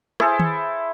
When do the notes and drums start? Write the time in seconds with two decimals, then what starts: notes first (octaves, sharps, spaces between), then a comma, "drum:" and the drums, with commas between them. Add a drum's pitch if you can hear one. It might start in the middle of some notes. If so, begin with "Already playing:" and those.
0.20 E4 G#4 A4 C5, drum: rim click
0.40 drum: tom D#3